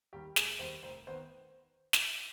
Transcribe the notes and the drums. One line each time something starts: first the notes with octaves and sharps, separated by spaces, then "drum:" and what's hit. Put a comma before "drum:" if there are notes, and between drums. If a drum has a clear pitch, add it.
D#2 D#3 G3 G4
F1 G#4, drum: snare
D#2 D#3 G3 C5
F1 C5
D#3 B3 C5
drum: snare